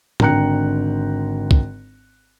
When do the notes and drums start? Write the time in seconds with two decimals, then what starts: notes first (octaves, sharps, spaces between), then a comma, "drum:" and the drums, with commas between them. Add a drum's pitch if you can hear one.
0.20 G#1 D3 G5 A#5 F#6 C#7, drum: tom A2
1.51 drum: kick